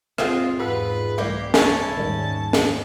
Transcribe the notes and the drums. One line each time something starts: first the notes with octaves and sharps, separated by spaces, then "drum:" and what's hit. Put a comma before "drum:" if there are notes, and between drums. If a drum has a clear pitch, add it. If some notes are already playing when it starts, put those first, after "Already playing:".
G#3 C4 F4 E5 F#5 G5, drum: rim click
E2 G#2 G4 A4 B4 F#5
C2 E3 G3 A3 A#3 E4 G4
C#4 E4 G#5 A5, drum: snare
D#2 G#2 D#3 G3
drum: snare